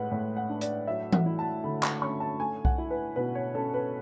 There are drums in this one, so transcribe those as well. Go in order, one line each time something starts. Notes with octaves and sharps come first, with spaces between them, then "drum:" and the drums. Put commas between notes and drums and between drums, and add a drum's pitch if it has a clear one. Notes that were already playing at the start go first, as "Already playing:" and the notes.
Already playing: A2 G#3 B4 F#5
A2
F#5
D4
D5, drum: hi-hat
F#3 E5
F#5, drum: tom E3
E4
A5
D3 B5
C#6, drum: clap
C#4 C#6
A5
A3 G#5
F#5, drum: kick B1
E4
B4
B2 B4
C#5
C#4 A4
B4